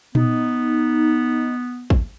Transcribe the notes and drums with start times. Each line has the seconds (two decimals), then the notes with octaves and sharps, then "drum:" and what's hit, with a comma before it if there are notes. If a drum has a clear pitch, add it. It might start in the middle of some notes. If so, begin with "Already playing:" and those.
0.15 B3 D#4, drum: tom A#2
1.90 drum: kick